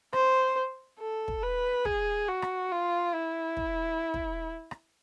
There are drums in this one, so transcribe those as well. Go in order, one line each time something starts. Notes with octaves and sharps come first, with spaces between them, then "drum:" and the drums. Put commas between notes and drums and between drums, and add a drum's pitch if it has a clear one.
C5, drum: rim click
A4
drum: kick
B4
G#4, drum: kick
F#4
drum: rim click
F4
E4
drum: kick
drum: kick
drum: rim click